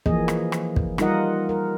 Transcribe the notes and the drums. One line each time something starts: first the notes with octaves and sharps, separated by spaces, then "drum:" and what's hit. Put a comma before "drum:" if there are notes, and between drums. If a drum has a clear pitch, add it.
E3 F3 A#3 G#4 D#5, drum: kick
drum: rim click
drum: rim click
drum: kick
G3 D#4 F4 A#4 D#5 F#5, drum: rim click
A#4